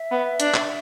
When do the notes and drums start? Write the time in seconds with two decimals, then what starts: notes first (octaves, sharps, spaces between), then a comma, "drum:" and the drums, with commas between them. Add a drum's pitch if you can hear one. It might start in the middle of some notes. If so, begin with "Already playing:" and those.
Already playing: E5
0.11 B3
0.40 D4, drum: hi-hat
0.54 drum: clap